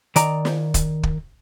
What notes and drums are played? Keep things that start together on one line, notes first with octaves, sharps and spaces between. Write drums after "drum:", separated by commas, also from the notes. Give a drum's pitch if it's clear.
D#3 D5 A#5, drum: hi-hat
drum: snare
drum: kick, hi-hat
drum: kick